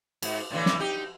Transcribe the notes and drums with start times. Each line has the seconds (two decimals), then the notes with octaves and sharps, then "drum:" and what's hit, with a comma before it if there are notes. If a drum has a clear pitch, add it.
0.22 G#2, drum: cymbal
0.51 A2 D3 E3
0.66 drum: snare
0.80 D#4 G4